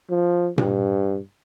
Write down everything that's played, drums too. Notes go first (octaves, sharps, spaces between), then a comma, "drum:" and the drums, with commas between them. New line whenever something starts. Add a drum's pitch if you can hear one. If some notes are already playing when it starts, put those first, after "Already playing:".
F3
G2, drum: tom A#2